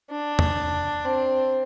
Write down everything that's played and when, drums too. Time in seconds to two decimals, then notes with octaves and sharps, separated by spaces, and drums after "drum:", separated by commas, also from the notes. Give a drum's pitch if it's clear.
0.11 D4
0.39 drum: tom E2
1.04 C4